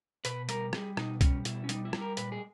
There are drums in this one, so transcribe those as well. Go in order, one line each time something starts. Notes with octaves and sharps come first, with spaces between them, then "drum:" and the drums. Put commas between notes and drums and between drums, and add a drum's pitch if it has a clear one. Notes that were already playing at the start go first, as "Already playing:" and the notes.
B2 B4, drum: hi-hat
G3 A#4, drum: hi-hat
G3 G#4, drum: rim click
B2 D#4, drum: rim click
G3 C#4, drum: kick C2, hi-hat
B2 E4, drum: hi-hat
C#4
G3 D#4, drum: hi-hat
E4
G3, drum: rim click
A#4
A#2 B4, drum: hi-hat
G#4